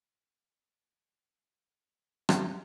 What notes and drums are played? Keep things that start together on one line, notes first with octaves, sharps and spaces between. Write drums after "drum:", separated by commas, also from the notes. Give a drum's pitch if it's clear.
G#2 C3 G3 G#3
drum: rim click